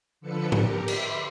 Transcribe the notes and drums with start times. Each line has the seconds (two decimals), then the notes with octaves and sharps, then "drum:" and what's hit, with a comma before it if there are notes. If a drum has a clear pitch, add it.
0.21 D3 F3 A4 B4 C#7
0.52 G4 A#4, drum: tom
0.88 E5 B5 C6 D6, drum: cymbal